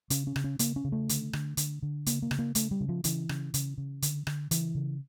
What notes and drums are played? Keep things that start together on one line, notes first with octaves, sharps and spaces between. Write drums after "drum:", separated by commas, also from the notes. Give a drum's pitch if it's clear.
C#3 C#4, drum: hi-hat
C#4
C#3, drum: rim click
C#4
C#3 A#3, drum: hi-hat
C#4
C#3
A3
D3, drum: hi-hat
D3, drum: rim click
D3, drum: hi-hat
D3
C#3 A#3, drum: hi-hat
A#3
C#3, drum: rim click
A#3
C#3 A3, drum: hi-hat
G3
C#3
F3
C#3 E3, drum: hi-hat
C#3, drum: rim click
C#3, drum: hi-hat
C#3
D3, drum: hi-hat
D3, drum: rim click
C#3 E3, drum: hi-hat
C#3